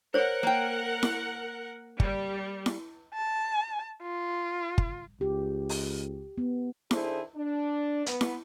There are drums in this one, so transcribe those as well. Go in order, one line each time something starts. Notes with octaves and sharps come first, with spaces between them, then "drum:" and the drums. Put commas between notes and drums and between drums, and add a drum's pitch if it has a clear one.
A#4 C5 C#5 F#5
A#3 G5
drum: snare E4
G3, drum: kick G1
drum: snare E4
A5
F4
drum: kick G1
C#2 G4
drum: open hi-hat
B3
D#3 D4 E4 G#4 A4 C5, drum: snare E4
D4
B3, drum: hi-hat
drum: snare E4